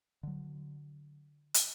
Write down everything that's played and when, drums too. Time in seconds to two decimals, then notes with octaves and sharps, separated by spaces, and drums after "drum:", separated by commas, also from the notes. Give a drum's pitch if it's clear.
0.23 D3 F#3
1.54 drum: hi-hat